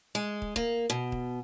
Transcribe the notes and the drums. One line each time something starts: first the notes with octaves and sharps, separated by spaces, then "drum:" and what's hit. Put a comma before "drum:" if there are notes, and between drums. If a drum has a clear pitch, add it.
G#3
drum: kick
A#3, drum: kick
B2
drum: kick